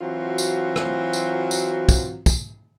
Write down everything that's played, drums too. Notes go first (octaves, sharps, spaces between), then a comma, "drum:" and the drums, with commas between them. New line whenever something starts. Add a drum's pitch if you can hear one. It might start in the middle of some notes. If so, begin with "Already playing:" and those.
E3 F#3 C4 F4 F#4
drum: tambourine
drum: rim click
drum: tambourine
drum: tambourine
drum: kick, tambourine
drum: kick, tambourine